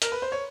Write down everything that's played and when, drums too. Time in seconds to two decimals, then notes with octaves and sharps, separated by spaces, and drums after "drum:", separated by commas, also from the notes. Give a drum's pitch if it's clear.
0.02 A#4, drum: hi-hat
0.12 B4
0.22 C5
0.32 C#5